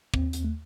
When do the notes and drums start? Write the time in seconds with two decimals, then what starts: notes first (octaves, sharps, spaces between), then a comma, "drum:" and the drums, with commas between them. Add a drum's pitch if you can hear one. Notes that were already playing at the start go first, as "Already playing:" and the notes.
0.14 D#2 C4, drum: kick
0.33 drum: hi-hat
0.44 A3